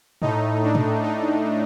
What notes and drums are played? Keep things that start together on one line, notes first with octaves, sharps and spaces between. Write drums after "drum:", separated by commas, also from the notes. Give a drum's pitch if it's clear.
A2 A3 D#4, drum: tom
D4
drum: tom
D#4